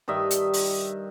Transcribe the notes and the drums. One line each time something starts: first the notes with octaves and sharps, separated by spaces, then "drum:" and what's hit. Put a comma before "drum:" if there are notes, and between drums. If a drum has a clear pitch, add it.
G2 D#3 D#5 E5
drum: hi-hat
drum: open hi-hat